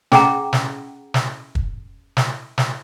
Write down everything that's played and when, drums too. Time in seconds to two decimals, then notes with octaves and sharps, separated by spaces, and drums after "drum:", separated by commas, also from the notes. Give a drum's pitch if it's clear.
0.12 C#4 G#4 F#5 G5 A#5, drum: snare
0.53 drum: snare
1.14 drum: snare
1.55 drum: kick
2.17 drum: snare
2.58 drum: snare